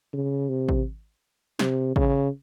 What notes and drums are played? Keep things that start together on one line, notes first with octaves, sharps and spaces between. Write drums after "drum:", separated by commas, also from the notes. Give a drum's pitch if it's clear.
C#3
C3
drum: kick
C3, drum: snare
C#3, drum: kick